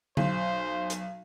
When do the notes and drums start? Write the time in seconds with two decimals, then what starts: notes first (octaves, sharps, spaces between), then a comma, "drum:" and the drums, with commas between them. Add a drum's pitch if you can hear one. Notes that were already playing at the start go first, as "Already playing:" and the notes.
0.17 B1 C5, drum: tom
0.90 drum: hi-hat